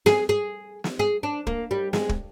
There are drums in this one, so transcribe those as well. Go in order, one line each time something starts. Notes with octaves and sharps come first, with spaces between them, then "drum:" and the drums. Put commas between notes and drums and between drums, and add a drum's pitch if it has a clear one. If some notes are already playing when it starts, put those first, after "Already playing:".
G#4, drum: snare
G#4
drum: snare
G#4
D4
A#3, drum: kick
G3
G#3, drum: snare
drum: kick